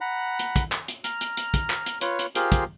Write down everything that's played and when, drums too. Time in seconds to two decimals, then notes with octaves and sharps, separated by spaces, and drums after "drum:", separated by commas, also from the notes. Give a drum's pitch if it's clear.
0.01 F#5 A#5 B5
0.39 drum: hi-hat
0.56 drum: kick, hi-hat
0.72 drum: clap
0.88 drum: hi-hat
1.04 A#5 F6, drum: hi-hat
1.21 drum: hi-hat
1.37 drum: hi-hat
1.54 drum: kick, hi-hat
1.70 drum: clap
1.86 drum: hi-hat
2.01 F4 B4 C#5, drum: hi-hat
2.19 drum: hi-hat
2.35 F4 G4 G#4 A#4 C5, drum: hi-hat
2.52 drum: kick, hi-hat